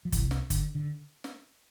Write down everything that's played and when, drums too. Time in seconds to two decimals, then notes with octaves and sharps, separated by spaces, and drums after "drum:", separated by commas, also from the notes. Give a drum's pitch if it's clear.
0.05 F3
0.12 C2 C3 E3, drum: kick F#1, hi-hat
0.31 drum: snare
0.50 D3, drum: kick F#1, hi-hat
0.75 D3
1.24 drum: snare